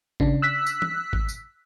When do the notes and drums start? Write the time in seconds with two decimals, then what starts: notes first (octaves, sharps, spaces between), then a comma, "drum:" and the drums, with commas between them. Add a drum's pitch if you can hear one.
0.20 C#3 D4, drum: kick G#1
0.42 E6 F#6 B6
0.66 drum: tambourine
0.82 drum: tom E3
1.13 drum: kick G#1
1.29 drum: tambourine